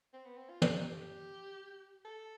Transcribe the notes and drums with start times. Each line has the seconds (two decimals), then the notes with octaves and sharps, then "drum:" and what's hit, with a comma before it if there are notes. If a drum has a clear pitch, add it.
0.13 C4
0.25 B3
0.37 C4
0.49 F4
0.62 G4, drum: tom
2.05 A4